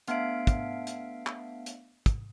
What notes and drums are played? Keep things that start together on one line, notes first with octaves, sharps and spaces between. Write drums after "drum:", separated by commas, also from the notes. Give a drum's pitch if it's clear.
A3 B3 D4 E5 F5 D7, drum: hi-hat
drum: kick, hi-hat
drum: hi-hat
drum: clap
drum: hi-hat
drum: kick, hi-hat